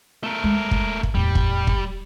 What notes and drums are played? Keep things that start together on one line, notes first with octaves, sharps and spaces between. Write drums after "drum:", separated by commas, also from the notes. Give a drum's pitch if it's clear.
A3 A#4
G#3 C4
drum: kick
drum: kick
E2 A2 G3
drum: kick
drum: kick